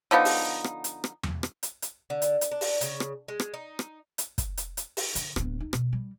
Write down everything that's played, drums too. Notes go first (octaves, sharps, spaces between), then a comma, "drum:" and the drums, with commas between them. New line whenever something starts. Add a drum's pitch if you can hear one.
D3 F3 B3 D#4
drum: open hi-hat
drum: rim click
drum: hi-hat
drum: rim click
drum: tom E2
drum: rim click
drum: hi-hat
drum: hi-hat
D3
drum: hi-hat
drum: hi-hat
D4
drum: open hi-hat
C#3, drum: hi-hat
drum: rim click
G#3
drum: rim click
D#4
drum: rim click
drum: hi-hat
drum: kick, hi-hat
drum: hi-hat
drum: hi-hat
drum: open hi-hat
D3, drum: hi-hat
D1 B3, drum: rim click
D#4
B2, drum: rim click
G3